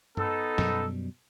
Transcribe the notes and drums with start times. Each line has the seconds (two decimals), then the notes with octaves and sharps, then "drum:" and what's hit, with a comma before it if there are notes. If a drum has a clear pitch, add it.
0.17 B3 D#4 A4, drum: tom G2
0.58 F#2 B2 G3, drum: snare